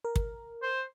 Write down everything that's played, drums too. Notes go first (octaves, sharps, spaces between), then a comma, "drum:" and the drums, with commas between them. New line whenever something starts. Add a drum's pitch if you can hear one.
A#4
drum: kick
C5